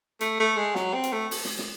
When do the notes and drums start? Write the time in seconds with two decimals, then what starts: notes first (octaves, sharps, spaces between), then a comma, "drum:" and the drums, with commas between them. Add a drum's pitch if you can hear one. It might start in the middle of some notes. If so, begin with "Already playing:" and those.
0.21 A3, drum: hi-hat
0.40 A3
0.57 G#3
0.75 F#3, drum: snare
0.94 C4
1.04 drum: hi-hat
1.13 A3
1.31 drum: open hi-hat
1.45 drum: snare
1.59 drum: snare